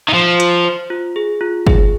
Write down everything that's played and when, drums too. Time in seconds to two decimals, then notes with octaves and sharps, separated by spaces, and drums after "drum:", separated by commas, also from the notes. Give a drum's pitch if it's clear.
0.09 D#3
0.14 F3 F4
0.40 F4, drum: hi-hat
0.65 C5
0.90 F4
1.16 G#4
1.41 F4
1.67 G#4, drum: kick